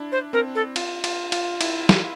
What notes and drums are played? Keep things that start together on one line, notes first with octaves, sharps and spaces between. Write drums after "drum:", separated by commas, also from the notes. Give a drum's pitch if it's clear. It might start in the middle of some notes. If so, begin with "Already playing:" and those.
Already playing: D4 E4
C5
C4 A#4
A4
F4, drum: cymbal
F4, drum: cymbal
F4, drum: cymbal
E4, drum: cymbal
drum: snare